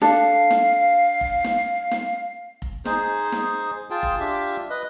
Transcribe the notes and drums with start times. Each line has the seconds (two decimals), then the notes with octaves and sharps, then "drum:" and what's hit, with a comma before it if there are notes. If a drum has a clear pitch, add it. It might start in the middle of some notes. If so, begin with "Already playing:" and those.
0.02 D4 A4 F5, drum: snare
0.51 drum: snare
1.21 drum: kick F1
1.44 drum: snare
1.91 drum: snare
2.62 drum: kick F1
2.85 D#4 G#4 C5, drum: snare
3.32 drum: snare
3.90 F4 G#4 G5 A5
4.03 drum: kick F1
4.20 D4 F4 G4 E5
4.70 B4 D#5